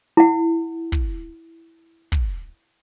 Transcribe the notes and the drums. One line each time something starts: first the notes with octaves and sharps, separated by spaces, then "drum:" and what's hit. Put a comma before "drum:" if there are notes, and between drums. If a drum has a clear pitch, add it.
E4 F#5
drum: kick
drum: kick